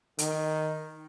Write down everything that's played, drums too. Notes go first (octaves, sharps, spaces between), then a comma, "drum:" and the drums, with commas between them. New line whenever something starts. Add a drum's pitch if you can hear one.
D#3, drum: hi-hat